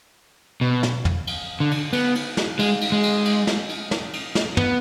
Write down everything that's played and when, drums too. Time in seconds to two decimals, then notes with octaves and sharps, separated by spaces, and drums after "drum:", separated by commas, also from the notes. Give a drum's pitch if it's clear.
0.61 B2
0.83 drum: snare
1.05 drum: tom
1.27 drum: cymbal
1.60 D3
1.71 drum: cymbal
1.93 B3, drum: cymbal
2.15 drum: cymbal
2.37 drum: snare
2.59 G#3, drum: cymbal
2.81 drum: cymbal
2.92 G#3
3.03 drum: cymbal
3.25 drum: cymbal
3.47 drum: snare
3.69 drum: cymbal
3.91 drum: snare
4.13 drum: cymbal
4.35 drum: snare
4.57 B3, drum: tom